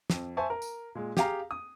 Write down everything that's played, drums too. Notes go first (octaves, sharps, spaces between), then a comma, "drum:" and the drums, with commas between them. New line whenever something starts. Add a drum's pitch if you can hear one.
F2, drum: snare
C5 E5 G#5 A5 C#6
A#4
drum: tambourine
A#2 G#3
G4 G#4 F5 A#5, drum: snare
D#6